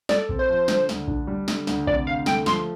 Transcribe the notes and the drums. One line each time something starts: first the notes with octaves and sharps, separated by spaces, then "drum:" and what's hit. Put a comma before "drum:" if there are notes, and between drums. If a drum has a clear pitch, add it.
A4 D5, drum: snare
C4, drum: kick A#1
C5
F3
D3, drum: snare
D2, drum: snare
D4, drum: kick A#1
G3
D3, drum: snare
D2, drum: snare
C3 D5, drum: kick A#1
D2 F5
A3 G5, drum: snare
F3 C6, drum: snare